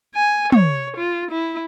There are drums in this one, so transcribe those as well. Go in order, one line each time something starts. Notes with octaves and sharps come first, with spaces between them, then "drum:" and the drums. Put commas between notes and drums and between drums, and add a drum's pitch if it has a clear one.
G#5
C#5, drum: tom
F4
E4